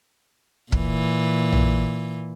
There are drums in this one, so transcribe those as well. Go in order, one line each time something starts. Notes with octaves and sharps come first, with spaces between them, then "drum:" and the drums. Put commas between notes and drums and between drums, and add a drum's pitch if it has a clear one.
A#2 E3, drum: kick
drum: tom A#1